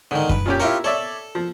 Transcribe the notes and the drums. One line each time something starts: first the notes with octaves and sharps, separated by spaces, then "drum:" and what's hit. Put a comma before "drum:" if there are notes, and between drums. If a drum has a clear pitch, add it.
G#2 D3 D#3
B4, drum: kick F#2
A#2 C#4 G4
E4 F4 G4 A#4 C#5
A4 C#5 D5 E5
F3